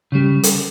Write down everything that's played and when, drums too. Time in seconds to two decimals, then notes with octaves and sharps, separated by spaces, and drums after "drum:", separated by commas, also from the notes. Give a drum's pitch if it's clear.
0.12 C#3 G3
0.43 drum: hi-hat